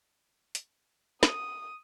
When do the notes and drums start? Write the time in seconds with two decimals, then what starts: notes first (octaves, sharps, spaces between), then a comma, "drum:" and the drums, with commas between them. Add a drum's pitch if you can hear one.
0.55 drum: hi-hat
1.23 D#6, drum: snare